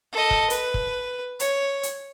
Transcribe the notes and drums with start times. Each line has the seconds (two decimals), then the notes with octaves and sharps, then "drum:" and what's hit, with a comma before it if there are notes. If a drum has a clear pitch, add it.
0.12 A4 D#5
0.31 drum: kick
0.50 B4, drum: hi-hat
0.74 drum: kick
1.40 C#5, drum: hi-hat
1.83 drum: hi-hat